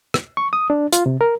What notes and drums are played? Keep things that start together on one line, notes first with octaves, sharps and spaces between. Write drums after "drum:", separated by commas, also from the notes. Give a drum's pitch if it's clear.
drum: rim click
C#6
D#6
D4
F4, drum: hi-hat
C3
A#4